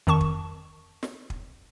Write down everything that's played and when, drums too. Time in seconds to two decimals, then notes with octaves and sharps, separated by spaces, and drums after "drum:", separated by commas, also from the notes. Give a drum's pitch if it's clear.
0.07 F2 D#3 A5 C#6
0.21 drum: kick
1.03 drum: snare
1.30 drum: kick